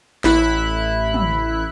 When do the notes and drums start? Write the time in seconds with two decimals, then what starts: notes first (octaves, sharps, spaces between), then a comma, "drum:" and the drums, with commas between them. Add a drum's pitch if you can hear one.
0.24 A1 E4 B5 F#6, drum: snare
1.14 drum: tom